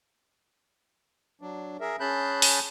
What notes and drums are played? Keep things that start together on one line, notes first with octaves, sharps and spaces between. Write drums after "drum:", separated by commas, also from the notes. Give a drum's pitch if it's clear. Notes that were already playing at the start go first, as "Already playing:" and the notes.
F#3 D4
G#4 A#4 E5
C#4 G#4 A5 B5 F#6 G6
drum: open hi-hat